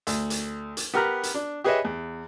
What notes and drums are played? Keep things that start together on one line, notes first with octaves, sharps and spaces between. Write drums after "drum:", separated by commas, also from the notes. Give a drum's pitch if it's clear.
D2, drum: hi-hat
drum: hi-hat
drum: hi-hat
B3 G4 A#4 A#5 F6 F#6
drum: hi-hat
D4
G4 G#4 B4 C#5 D#5 E5
E2